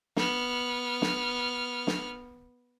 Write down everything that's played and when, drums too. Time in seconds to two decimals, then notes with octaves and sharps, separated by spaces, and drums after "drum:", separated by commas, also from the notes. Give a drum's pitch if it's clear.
0.16 B3 F6, drum: snare
1.02 drum: snare
1.87 drum: snare